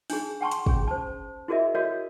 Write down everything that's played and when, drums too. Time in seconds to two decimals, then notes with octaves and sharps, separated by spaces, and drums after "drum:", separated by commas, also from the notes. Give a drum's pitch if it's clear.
0.10 D4 D#4 G#4, drum: open hi-hat
0.41 F#5 G5 A5 C6 C#6
0.52 drum: hi-hat
0.66 C#4 G#4, drum: kick
0.87 C5 A5
1.48 E4 F#4 G#4 A#4 D#5 E5
1.75 F#4 A4 A#4 C#5 D#5 F5